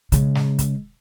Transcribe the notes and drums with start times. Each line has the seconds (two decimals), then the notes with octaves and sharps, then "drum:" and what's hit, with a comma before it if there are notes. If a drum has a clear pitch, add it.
0.12 C#3 G#3, drum: hi-hat
0.35 drum: snare
0.59 drum: kick, hi-hat